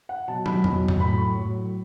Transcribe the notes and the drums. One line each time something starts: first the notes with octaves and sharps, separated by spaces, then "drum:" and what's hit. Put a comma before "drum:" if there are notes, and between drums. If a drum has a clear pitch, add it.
F#5
B2 F#3 A5
B5, drum: tom
B2 F#3, drum: tom F2
drum: tom F2
A2 F#3 B5
C#6
A2 F#3